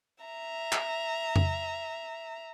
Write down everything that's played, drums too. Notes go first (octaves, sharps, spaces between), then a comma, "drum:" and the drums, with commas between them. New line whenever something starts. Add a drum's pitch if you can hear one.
E5 A#5
drum: clap
drum: tom F2